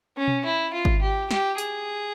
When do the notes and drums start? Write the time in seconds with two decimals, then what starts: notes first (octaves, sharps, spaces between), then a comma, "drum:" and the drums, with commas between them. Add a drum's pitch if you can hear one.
0.17 C#4
0.28 drum: tom B2
0.45 E4
0.73 F4
0.85 drum: kick G#1
1.02 G4
1.31 G4, drum: snare
1.58 G#4, drum: hi-hat